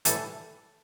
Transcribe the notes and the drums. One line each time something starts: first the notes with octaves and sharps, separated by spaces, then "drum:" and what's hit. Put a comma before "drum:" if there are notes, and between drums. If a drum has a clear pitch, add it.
A2 E3 G3 A4, drum: hi-hat